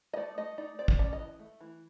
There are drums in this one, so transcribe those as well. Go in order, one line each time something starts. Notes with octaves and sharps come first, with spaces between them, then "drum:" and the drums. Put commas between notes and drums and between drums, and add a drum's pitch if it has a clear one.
D#5
A3 D5
A3 D#5
D#4 D5
C4 D5
drum: kick
C#4 D5
D#5
E3
A3
E3